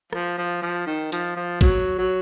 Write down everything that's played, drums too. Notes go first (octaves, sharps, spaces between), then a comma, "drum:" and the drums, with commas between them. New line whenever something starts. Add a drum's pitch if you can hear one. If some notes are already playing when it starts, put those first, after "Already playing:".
F3, drum: rim click
F3
F3
D#3
F3, drum: hi-hat
F3
F#3, drum: kick A1
F#3